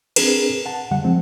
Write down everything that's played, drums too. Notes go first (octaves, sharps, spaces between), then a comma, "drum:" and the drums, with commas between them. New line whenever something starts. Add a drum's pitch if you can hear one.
C4 D4 G#4 A#4 B4, drum: cymbal
F#5 A5
F2 D3 G3 F#5
F3 G#3 C4